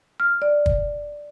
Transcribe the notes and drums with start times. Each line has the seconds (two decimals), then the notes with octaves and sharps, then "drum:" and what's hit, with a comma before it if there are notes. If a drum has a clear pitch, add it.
0.20 F6
0.42 D5
0.66 drum: kick